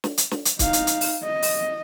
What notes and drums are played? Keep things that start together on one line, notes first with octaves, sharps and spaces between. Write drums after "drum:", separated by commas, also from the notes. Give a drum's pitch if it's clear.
drum: snare
drum: hi-hat
drum: snare
drum: hi-hat
D#4 F5, drum: kick C#1, hi-hat
drum: hi-hat
drum: hi-hat
drum: open hi-hat
D#5
drum: open hi-hat